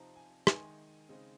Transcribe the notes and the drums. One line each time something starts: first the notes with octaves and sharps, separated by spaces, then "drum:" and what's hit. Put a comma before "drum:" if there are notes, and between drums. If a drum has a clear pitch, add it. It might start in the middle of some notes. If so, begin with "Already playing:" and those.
Already playing: C3 F3 C4 D#4 A#5
G#5
D#3 G#3 D#4 G#5, drum: rim click
C#3 G#3 C4 D#4